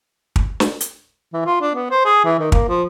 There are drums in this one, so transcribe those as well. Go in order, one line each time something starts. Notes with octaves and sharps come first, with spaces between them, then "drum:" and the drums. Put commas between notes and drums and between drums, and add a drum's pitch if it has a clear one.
drum: kick
drum: snare
drum: hi-hat
E3
F4
D4
B3
C5
G#4
E3
D#3
A#3, drum: kick
F3